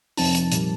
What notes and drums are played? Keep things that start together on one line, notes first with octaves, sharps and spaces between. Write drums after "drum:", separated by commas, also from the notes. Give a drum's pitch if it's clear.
F2 C3 F3 C4 D#4 A5, drum: open hi-hat
drum: hi-hat
A#2 G3 A#3, drum: hi-hat